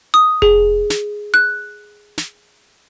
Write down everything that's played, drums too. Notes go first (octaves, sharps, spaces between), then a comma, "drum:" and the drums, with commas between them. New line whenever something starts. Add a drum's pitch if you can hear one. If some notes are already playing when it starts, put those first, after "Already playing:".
D#6
G#4, drum: kick F1
drum: snare
F#6
drum: snare